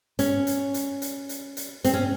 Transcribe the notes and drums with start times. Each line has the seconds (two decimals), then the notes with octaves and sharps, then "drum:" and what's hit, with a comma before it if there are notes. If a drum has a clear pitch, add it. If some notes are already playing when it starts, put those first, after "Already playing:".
0.19 C#4, drum: hi-hat
0.47 drum: hi-hat
0.74 drum: hi-hat
1.02 drum: hi-hat
1.29 drum: hi-hat
1.57 drum: hi-hat
1.84 C4, drum: hi-hat
1.93 C#4